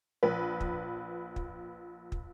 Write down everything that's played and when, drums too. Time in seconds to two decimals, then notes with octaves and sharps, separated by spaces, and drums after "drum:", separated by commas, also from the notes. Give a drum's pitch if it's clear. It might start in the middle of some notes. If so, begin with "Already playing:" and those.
0.23 A#1 B4
0.60 drum: kick
1.36 drum: kick
2.12 drum: kick